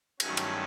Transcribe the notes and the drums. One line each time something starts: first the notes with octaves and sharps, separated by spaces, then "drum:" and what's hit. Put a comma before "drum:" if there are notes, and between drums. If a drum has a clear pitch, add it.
G2 D#3 F#3 A3 C#4 F#4, drum: cymbal
drum: cymbal